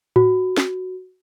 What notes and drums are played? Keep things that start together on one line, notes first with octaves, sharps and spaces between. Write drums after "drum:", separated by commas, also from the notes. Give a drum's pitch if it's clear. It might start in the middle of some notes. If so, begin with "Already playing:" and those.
F#4, drum: tom A2
drum: snare